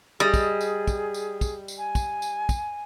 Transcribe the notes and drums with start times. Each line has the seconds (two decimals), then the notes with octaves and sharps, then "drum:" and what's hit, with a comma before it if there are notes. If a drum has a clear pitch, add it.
0.20 G3 G#4 D#5
0.34 drum: kick, tambourine
0.61 drum: tambourine
0.88 drum: kick, tambourine
1.14 drum: tambourine
1.41 drum: kick, tambourine
1.68 drum: tambourine
1.78 G#5
1.95 drum: kick, tambourine
2.22 drum: tambourine
2.49 drum: kick, tambourine